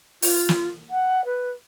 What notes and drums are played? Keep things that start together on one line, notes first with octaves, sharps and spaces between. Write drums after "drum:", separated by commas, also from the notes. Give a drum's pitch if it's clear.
F4, drum: open hi-hat
drum: snare
F#5
B4